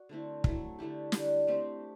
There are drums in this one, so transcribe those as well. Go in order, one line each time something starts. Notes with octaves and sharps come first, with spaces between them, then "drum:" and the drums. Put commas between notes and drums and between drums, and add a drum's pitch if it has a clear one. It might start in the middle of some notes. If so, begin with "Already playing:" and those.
Already playing: F#4 D5
D3 A3 C4 E4
F#3 A3 E4, drum: kick
D3 A3 E4 G4
D3 G3 D4, drum: snare
A3 C4 G4